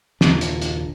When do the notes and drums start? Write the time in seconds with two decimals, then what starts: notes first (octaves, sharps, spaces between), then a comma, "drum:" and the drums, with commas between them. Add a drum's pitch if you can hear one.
0.21 F#1 D#2 A#2 D4, drum: snare
0.41 drum: hi-hat
0.62 drum: hi-hat